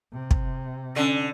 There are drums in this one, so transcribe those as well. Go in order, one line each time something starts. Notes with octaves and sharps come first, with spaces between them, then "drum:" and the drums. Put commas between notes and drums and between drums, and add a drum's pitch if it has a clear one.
C3
drum: kick
D3 C#4